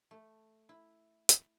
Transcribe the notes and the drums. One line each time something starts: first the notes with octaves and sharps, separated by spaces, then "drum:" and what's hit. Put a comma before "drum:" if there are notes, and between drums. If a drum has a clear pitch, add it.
A3
E4
drum: hi-hat